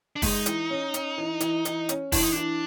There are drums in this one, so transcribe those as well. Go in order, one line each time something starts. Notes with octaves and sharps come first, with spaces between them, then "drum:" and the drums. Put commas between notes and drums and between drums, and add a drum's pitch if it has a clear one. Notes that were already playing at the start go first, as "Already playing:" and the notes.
D4
G#3 D#4, drum: kick, open hi-hat
E3, drum: hi-hat
C#4
C#4, drum: hi-hat
E3
E3, drum: hi-hat
E3, drum: hi-hat
C#4, drum: hi-hat
E3 D4, drum: kick, open hi-hat
D#4
E3 D4